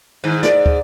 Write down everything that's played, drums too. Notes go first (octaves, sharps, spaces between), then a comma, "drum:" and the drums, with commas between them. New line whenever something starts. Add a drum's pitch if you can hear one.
G#2 D#3
G#2 D5, drum: snare
drum: kick